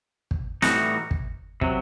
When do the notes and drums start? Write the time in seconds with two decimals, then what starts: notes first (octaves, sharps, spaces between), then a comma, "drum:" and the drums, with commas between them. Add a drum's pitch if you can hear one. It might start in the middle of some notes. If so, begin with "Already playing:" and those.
0.31 drum: kick
0.62 A2 E3 G3 D#4 F#4, drum: snare
1.11 drum: kick
1.61 C3 F#3, drum: kick